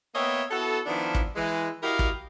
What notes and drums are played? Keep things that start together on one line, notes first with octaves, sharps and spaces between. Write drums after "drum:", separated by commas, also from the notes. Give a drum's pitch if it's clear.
A#3 B3 C#5 D#5 E5 G5
B3 E4 F#4 A4
D#3 F3 B3 D4 E4
drum: kick
E3 G#3
E4 F#4 G4 A#4 D#5 F5
drum: kick